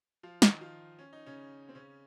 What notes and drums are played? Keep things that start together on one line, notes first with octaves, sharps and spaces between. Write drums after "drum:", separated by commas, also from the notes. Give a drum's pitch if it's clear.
F3 F4
D#3 D#4, drum: snare
F3 F4
C#4
D#4
C#3 C#4
C4
C#3 C#4